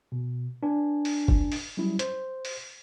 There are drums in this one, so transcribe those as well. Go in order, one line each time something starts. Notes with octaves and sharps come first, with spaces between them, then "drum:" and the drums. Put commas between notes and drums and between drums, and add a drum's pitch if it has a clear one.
B2
D4 B4 G#5
drum: open hi-hat
drum: kick F#1
drum: open hi-hat
F#3 G3 C#4 E4
C5, drum: hi-hat
drum: open hi-hat